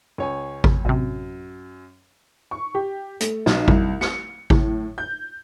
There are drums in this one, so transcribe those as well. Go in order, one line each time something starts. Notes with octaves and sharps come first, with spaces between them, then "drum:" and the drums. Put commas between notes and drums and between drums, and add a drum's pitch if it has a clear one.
C#2 C#5 G#5
drum: kick G#1
A1 F#2 C3
C#6
G4
A3, drum: hi-hat
B1, drum: snare
C2, drum: kick G#1
C#7, drum: snare
A2, drum: kick G#1
G6